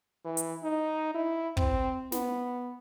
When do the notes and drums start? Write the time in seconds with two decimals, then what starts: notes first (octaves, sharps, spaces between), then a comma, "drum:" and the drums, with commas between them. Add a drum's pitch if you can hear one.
0.25 E3
0.37 drum: hi-hat
0.63 D#4
1.15 E4
1.57 C4, drum: kick
2.12 B3, drum: snare